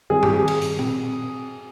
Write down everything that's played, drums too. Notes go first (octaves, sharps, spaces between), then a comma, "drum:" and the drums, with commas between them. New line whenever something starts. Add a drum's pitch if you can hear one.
D#3 G3 C4 G#4
G4, drum: tom
G#4
drum: cymbal
drum: hi-hat
C4, drum: tom A#2